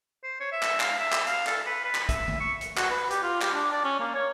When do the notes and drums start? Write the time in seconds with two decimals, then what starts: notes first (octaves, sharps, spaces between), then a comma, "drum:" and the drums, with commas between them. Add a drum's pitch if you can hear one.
0.23 C5
0.40 C#5
0.52 E5
0.63 drum: clap
0.80 F5, drum: clap
1.00 E5
1.12 drum: clap
1.27 F5, drum: hi-hat
1.47 A4, drum: clap
1.66 B4
1.84 B4
1.95 drum: clap
2.09 E5, drum: kick, hi-hat
2.28 drum: tom D3
2.40 C#6
2.61 drum: hi-hat
2.77 F#4, drum: clap
2.91 B4
3.10 G4, drum: hi-hat
3.23 F4
3.41 G4, drum: clap
3.54 D4
3.72 D5
3.84 C#4
4.00 A#3
4.14 C#5